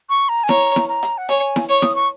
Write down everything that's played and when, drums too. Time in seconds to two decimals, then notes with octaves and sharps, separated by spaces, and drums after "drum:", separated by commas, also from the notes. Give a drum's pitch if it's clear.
0.10 C#6
0.29 A#5
0.44 G#5
0.49 C#5 A#5, drum: snare E4
0.76 drum: snare E4
0.89 A#5
1.03 drum: hi-hat
1.18 F#5
1.29 C#5 G#5, drum: hi-hat
1.56 drum: snare E4
1.69 C#5 C#6
1.82 D#6, drum: snare E4
1.95 C#6